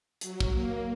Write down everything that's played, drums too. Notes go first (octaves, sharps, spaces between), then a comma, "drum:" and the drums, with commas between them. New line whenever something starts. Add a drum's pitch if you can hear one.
F#3, drum: hi-hat
drum: kick
A#3